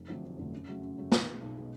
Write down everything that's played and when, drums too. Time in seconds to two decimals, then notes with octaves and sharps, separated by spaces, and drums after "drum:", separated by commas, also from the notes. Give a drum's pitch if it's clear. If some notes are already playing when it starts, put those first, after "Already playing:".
Already playing: F1
0.08 F2 D3 F#3 A3
0.23 F1
0.38 F2 D3 F#3 A3
0.52 F#2
0.67 C#3 F#3 A3
0.82 F#2
0.96 C#3 F#3 A3
1.12 B1, drum: snare
1.26 B2 G#3
1.41 B1
1.56 B2 G#3